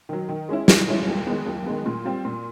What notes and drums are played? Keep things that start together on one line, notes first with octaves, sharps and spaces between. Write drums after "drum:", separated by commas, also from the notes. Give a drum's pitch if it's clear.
D#3 F#3
D#3
G#3 C#4 E4
D#3, drum: snare
G#3 C#4 E4
D#2
D#3 G#3 B3
D#2
D#3 G#3 B3
A#2
G3 C4 F4
A#2